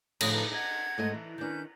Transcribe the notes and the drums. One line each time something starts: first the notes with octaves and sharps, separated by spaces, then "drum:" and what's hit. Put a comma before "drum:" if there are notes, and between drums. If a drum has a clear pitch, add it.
A2 D3 F3 C#5 B5 D#6, drum: cymbal
D#4 A4 B4
D#5 F#5 G#6
G#2 A3 D#5
E3
D#3 C#4 D4 B4 G6